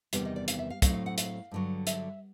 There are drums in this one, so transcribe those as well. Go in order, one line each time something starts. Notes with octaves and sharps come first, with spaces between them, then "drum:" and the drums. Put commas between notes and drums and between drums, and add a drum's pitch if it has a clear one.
E2 C3 D#3 G3 B3, drum: hi-hat
D#5
D5
F5, drum: hi-hat
E5
F5
A2 F#3 A3 C4 F5, drum: kick, hi-hat
F5
F#5
F5, drum: hi-hat
G2 D3 F#3
E5, drum: hi-hat